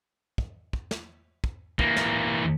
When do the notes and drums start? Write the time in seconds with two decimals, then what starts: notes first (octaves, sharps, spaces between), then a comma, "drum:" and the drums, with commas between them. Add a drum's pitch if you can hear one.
0.38 drum: kick
0.73 drum: kick
0.91 drum: snare
1.44 drum: kick
1.79 E3 A#3, drum: kick
1.96 drum: snare